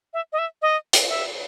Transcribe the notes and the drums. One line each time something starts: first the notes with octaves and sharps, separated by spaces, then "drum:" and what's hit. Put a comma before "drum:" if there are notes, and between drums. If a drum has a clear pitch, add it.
E5
D#5
E5
D#5
drum: hi-hat
E5